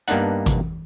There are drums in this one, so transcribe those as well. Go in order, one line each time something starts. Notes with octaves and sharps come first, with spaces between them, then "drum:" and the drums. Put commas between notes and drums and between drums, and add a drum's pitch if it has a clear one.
G2 A#3 B3 D4 D#4 F#5, drum: hi-hat
drum: kick G#1, hi-hat